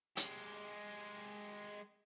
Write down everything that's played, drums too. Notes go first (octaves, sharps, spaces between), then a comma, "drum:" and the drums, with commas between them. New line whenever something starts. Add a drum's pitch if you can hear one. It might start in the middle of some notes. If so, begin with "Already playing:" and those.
G#3 G4, drum: hi-hat